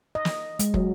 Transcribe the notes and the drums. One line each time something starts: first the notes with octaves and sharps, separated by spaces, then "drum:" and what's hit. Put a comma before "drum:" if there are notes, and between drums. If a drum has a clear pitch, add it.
D#5
drum: snare
G#3, drum: hi-hat
F#3, drum: kick